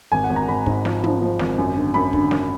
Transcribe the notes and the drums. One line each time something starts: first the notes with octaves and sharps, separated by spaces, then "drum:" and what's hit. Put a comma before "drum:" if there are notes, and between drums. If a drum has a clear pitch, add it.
G#1 G#5
F#5
G#1
A#5
G#1 B5
G#2, drum: kick
F3, drum: snare
F3, drum: tom
F3
G#1, drum: snare
F#2
D3
F#2 B5
D3, drum: kick
F#2, drum: snare